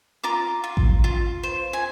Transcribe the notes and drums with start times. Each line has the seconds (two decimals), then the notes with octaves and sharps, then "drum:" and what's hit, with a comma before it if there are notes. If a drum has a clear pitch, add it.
0.24 F4 A#5 D6
0.64 F4
0.77 drum: kick A1
1.04 F4
1.43 C5
1.73 G#5